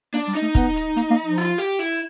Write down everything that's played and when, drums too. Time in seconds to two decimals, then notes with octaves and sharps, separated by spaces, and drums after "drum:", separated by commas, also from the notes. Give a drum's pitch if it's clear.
0.14 A#3 D4
0.28 G3
0.35 D#4, drum: hi-hat
0.42 A3
0.55 B3, drum: kick, hi-hat
0.76 drum: hi-hat
0.96 A#3, drum: hi-hat
1.11 A#3
1.25 F3
1.38 F4
1.58 G4, drum: hi-hat
1.79 E4, drum: hi-hat